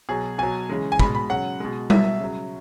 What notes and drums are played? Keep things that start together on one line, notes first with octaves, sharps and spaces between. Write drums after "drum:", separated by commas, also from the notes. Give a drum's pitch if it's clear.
B2 F#3 G#4
B2 F#3 G#5
C#3 E3 G#3
G#5
B2 G#3 B5, drum: kick
B5
C#3 F#3 F#5
B2 G#3
B2 F#3 E5, drum: tom G3
C#3 F#3